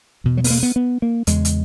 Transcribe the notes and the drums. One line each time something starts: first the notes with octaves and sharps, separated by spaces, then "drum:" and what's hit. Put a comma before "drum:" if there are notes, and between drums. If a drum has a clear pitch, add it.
E2 B2
F#3
B3, drum: open hi-hat
A#3
B3
B3
A#3
E2 C#3 G#3, drum: hi-hat
drum: hi-hat